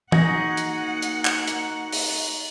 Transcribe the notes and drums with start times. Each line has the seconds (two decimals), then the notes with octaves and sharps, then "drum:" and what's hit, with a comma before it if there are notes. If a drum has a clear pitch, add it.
0.12 A#3 D#4 F#4 G#4 F#5, drum: tom
0.57 drum: hi-hat
1.02 drum: hi-hat
1.25 drum: clap
1.47 drum: hi-hat
1.93 drum: open hi-hat